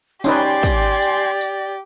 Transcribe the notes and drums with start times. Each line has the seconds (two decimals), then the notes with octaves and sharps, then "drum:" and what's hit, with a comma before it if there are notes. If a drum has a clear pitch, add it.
0.24 C#4 D#4 G4 B4 D5 G5 G#5 C6, drum: tambourine
0.63 drum: kick, tambourine
1.02 drum: tambourine
1.41 drum: tambourine